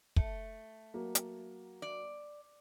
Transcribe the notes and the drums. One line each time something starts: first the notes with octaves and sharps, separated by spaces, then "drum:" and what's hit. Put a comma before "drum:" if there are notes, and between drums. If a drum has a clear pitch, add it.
A3, drum: kick
F#3 A#3
drum: hi-hat
D5